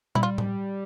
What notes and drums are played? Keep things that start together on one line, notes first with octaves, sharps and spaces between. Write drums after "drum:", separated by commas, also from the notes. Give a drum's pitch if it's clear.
G3 E4, drum: tom
F4
drum: tom A2